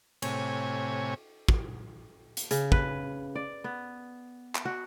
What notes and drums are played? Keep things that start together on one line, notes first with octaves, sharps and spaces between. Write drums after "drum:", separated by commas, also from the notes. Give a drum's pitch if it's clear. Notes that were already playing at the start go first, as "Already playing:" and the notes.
A2 C3 C#5 G#5, drum: cymbal
drum: kick
drum: hi-hat
C#3, drum: hi-hat
B4, drum: kick
D5
B3
drum: clap
F#4